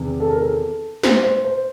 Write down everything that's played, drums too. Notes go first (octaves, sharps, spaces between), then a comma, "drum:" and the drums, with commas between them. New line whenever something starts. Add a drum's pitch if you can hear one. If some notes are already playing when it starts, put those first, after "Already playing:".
Already playing: E2 C3 D#3
A4
A#4
A4
C5, drum: snare
C5
C5